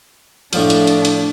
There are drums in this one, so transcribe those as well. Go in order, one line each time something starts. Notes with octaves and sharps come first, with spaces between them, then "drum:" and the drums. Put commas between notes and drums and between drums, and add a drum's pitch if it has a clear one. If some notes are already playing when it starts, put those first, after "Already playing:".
A2 F3 D4, drum: hi-hat
drum: hi-hat
drum: hi-hat
drum: hi-hat